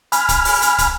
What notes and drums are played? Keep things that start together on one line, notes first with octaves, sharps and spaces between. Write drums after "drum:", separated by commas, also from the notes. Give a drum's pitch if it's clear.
G#5 B5 F6, drum: hi-hat
drum: kick, hi-hat
drum: open hi-hat
drum: hi-hat
drum: kick, hi-hat